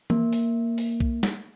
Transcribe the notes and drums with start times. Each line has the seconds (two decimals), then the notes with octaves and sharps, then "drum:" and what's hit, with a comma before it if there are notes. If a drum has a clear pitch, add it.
0.10 A#3, drum: tom E3
0.33 drum: open hi-hat
0.78 drum: open hi-hat
1.00 drum: kick B1
1.23 drum: snare